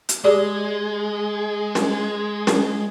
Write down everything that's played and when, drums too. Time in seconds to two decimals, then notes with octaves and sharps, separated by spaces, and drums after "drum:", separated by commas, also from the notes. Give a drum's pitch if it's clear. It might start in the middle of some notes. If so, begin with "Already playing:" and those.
0.09 drum: hi-hat
0.24 G#3 G4 G#4 D5
1.75 drum: snare
2.47 drum: snare